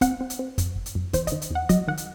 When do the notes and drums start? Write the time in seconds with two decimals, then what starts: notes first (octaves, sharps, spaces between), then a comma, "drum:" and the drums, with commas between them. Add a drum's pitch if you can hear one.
0.01 C4 F#5, drum: kick, hi-hat
0.21 C4
0.30 drum: hi-hat
0.39 C4
0.58 F#2, drum: kick, hi-hat
0.76 G1
0.86 drum: hi-hat
0.95 F#2
1.13 E2 C5, drum: kick, hi-hat
1.27 D#3 D#5, drum: kick, hi-hat
1.42 drum: hi-hat
1.51 E2 F#5
1.69 F#3 D#5, drum: kick, hi-hat
1.88 D#3 F#5
1.97 drum: hi-hat